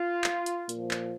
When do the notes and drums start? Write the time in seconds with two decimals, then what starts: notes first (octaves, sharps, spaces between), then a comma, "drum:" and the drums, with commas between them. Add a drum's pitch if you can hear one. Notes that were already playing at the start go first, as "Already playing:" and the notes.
Already playing: F4
0.24 drum: clap
0.46 drum: hi-hat
0.69 A#2 F3, drum: hi-hat
0.91 drum: clap